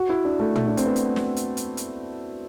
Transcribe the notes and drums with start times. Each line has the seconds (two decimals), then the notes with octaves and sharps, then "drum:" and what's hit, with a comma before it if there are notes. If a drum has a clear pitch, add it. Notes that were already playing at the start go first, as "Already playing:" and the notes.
Already playing: F#4
0.09 E4
0.25 D4
0.39 A3
0.56 A3, drum: tom
0.67 D4
0.77 C4, drum: hi-hat
0.86 B3
0.96 drum: hi-hat
1.16 drum: snare
1.36 drum: hi-hat
1.57 drum: hi-hat
1.77 drum: hi-hat